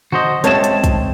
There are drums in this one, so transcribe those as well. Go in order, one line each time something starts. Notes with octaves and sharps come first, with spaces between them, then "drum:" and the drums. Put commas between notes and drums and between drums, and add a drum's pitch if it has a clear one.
D3 F#4 C5 D#5
G#3 C4 C#4 C#5 E5 A5 A6 E7, drum: hi-hat
drum: hi-hat
drum: kick, hi-hat